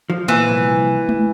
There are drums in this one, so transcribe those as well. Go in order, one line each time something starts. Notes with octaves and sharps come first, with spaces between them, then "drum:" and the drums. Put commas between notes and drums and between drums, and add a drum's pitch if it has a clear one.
F3
A#2 E3
C2
drum: tom G#3